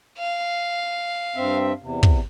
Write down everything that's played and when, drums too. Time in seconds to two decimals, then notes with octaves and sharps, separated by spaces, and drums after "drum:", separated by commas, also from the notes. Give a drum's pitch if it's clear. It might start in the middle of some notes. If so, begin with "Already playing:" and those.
0.18 F5
1.36 G2 C4 E5
1.82 E2 C3
2.03 drum: kick